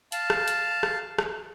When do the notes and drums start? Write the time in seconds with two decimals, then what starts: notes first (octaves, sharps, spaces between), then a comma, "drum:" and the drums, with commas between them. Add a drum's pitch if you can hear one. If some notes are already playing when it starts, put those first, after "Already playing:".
0.12 F5 A5, drum: hi-hat
0.30 drum: rim click
0.48 drum: hi-hat
0.83 drum: rim click
1.18 drum: rim click